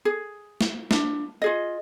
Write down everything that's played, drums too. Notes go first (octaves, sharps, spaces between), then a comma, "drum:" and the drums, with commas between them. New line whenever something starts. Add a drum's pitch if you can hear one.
G#4
drum: snare
D4, drum: snare
F4 G#4 D#5